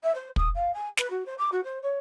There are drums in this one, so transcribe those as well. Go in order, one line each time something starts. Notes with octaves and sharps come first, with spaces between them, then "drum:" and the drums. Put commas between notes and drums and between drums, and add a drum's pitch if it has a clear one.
E5
C5
D#6, drum: kick
F5
G#5
B4, drum: snare
F#4
C5
D6
F#4
C5
C#5